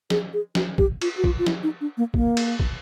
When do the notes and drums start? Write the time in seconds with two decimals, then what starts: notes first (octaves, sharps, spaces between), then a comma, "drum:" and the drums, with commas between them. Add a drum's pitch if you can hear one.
0.10 G#4, drum: snare
0.33 G#4
0.55 F#4, drum: snare
0.78 G4, drum: kick
1.02 F4, drum: cymbal
1.17 F#4
1.24 F4, drum: kick
1.39 F4
1.46 E4, drum: snare
1.63 D#4
1.81 D4
1.97 A#3
2.14 A#3, drum: kick
2.37 drum: cymbal
2.60 drum: kick